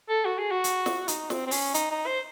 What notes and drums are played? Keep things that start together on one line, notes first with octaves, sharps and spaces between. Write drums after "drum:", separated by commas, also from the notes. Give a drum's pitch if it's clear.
A4
F#4
G#4
F#4
drum: hi-hat
drum: snare
D#4, drum: hi-hat
C4, drum: snare
C4
C#4, drum: open hi-hat
D#4, drum: hi-hat
D#4
C5